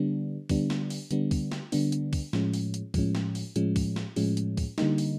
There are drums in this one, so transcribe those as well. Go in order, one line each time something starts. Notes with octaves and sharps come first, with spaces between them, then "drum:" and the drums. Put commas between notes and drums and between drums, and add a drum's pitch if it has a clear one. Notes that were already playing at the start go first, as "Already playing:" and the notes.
Already playing: D3 G3 B3 D4
D3 G3 B3 D4, drum: kick, open hi-hat
drum: snare
drum: open hi-hat
D3 G3 B3 D4, drum: hi-hat
drum: kick, open hi-hat
drum: snare
D3 G3 B3 D4, drum: open hi-hat
drum: hi-hat
drum: kick, open hi-hat
A2 F3 G#3 C#4, drum: snare
drum: open hi-hat
drum: hi-hat
A2 F3 G#3 C#4, drum: kick, open hi-hat
drum: snare
drum: open hi-hat
A2 F3 G#3 C#4, drum: hi-hat
drum: kick, open hi-hat
drum: snare
A2 F3 G#3 C#4, drum: open hi-hat
drum: hi-hat
drum: kick, open hi-hat
D3 G3 A#3 D#4, drum: snare
drum: open hi-hat